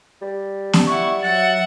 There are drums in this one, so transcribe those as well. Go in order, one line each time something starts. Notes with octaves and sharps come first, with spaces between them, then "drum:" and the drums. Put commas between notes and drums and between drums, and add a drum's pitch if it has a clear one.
G3
drum: snare B3
E4 F#5 C#6
F#3 E5 F#5 A6